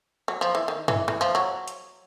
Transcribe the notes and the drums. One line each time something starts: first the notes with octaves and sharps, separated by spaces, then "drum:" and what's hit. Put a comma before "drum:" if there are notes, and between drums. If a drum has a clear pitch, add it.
F#3
F3
E3
D#3
E3, drum: tom
E3, drum: rim click
F3
F#3
drum: hi-hat